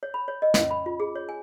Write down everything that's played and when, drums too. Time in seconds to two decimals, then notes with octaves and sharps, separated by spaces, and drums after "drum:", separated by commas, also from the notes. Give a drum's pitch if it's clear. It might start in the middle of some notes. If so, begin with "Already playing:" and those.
0.03 C#5
0.14 B5
0.28 C#5
0.42 D#5
0.54 C#4, drum: snare
0.71 B5
0.86 F4
1.00 G#4
1.15 C#5
1.29 G#5